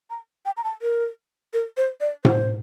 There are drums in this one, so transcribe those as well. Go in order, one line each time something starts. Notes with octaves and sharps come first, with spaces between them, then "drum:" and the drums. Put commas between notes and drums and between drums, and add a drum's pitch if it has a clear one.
A#5
G5
A#5
A5
A#4
A#4
C5
D5
C5, drum: tom A2